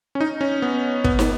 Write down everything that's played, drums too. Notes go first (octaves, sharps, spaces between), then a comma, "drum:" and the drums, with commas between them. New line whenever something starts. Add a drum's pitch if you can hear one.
C#4
D#4
C#4
B3
B3, drum: kick
drum: snare